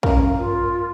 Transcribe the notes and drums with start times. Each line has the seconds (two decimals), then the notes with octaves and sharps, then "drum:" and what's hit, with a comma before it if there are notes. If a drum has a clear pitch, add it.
0.03 G2 C#4 A#4 F5, drum: kick
0.38 F4